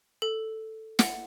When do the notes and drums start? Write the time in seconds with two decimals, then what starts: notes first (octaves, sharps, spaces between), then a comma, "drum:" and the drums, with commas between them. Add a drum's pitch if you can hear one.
0.22 A4
0.99 F#5, drum: snare